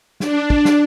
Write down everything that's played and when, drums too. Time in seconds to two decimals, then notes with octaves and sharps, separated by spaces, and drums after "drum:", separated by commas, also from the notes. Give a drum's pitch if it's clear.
0.20 D4, drum: snare
0.50 drum: kick
0.65 drum: snare